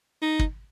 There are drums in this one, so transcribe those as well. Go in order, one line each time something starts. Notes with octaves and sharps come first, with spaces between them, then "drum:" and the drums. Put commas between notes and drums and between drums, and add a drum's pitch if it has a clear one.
D#4
drum: kick